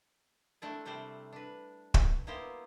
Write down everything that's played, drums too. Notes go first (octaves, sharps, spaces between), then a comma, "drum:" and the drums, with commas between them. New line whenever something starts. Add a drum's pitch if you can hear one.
A3 C4 D4 E4 D5 A5
C3 G3 A3 C4 C5 D5
D4 B4
drum: kick
A#3 B3 E4 G4 A#4 C5